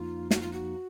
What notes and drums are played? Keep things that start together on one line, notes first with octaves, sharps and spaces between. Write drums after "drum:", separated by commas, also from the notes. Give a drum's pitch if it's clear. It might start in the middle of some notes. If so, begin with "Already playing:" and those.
Already playing: F2 F3 A#3 D#4 F4
F#4, drum: snare
F4
F#4